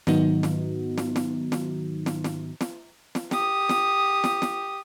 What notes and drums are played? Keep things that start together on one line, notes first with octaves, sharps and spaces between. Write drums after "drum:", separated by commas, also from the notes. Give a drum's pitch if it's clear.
G#2 D#3 F#3 B3 D#4 F#4, drum: snare
drum: snare
drum: snare
drum: snare
drum: snare
drum: snare
drum: snare
drum: snare
drum: snare
G4 D#6, drum: snare
drum: snare
drum: snare
drum: snare